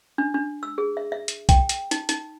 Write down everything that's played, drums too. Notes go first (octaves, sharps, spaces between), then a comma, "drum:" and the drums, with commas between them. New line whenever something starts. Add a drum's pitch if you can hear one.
D4
D4
E6
G#4
E5
E5
drum: hi-hat
G5, drum: kick B1, hi-hat
drum: hi-hat
D#4, drum: hi-hat
D#4, drum: hi-hat